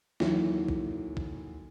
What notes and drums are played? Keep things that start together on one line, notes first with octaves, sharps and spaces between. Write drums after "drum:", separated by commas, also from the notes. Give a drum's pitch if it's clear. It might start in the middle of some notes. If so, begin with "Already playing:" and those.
D#2 D3 E3 F#3, drum: snare
drum: kick
drum: kick